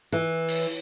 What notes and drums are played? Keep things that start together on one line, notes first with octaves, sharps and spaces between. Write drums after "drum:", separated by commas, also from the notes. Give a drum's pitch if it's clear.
E3
drum: cymbal